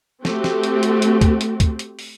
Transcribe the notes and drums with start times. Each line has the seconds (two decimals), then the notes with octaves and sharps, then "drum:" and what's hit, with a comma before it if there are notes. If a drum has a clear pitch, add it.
0.25 A3 C4 F#4 G4, drum: snare
0.44 drum: snare
0.63 drum: hi-hat
0.83 drum: hi-hat
1.02 drum: hi-hat
1.21 drum: kick C#2, hi-hat
1.41 drum: hi-hat
1.60 drum: kick C#2, hi-hat
1.79 drum: hi-hat
1.99 drum: open hi-hat